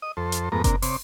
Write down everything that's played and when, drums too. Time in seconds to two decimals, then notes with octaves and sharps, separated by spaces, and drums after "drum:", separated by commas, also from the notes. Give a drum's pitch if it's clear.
0.02 D#5 D#6
0.17 F2 A4 C5
0.32 drum: hi-hat
0.52 F2 G#2 A3 B3 A#4 A#5
0.64 C3 A#3 D4 A#4, drum: kick F#1, hi-hat
0.82 C3 C5 C#5 D6, drum: open hi-hat